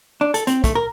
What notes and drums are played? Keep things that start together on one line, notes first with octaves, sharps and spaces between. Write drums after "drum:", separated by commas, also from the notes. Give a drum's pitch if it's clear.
D4
A4, drum: hi-hat
C4, drum: hi-hat
A3, drum: kick, hi-hat
A#4